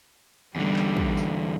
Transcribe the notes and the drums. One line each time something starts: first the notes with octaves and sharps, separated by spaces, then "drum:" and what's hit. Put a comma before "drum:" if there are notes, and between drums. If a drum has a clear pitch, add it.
E2 D3 G3
drum: clap
drum: kick
drum: tambourine